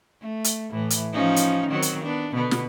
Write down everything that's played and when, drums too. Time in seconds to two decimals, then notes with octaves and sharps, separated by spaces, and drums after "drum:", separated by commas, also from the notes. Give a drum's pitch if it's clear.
0.21 A3
0.44 drum: hi-hat
0.70 A2 E3
0.90 drum: hi-hat
1.13 F3 C#4 D#4
1.36 drum: hi-hat
1.70 D#3 F#3 C4
1.82 drum: hi-hat
2.03 B3 D4
2.32 B2 D3 B3
2.51 drum: snare